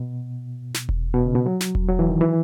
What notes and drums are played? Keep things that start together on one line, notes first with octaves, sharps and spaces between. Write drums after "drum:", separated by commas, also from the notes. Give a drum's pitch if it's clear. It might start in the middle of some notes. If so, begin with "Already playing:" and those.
Already playing: B2
drum: snare
drum: kick E1
B2
C#3
B2
F#3
drum: snare
drum: kick E1
F#3
E3
D#3
E3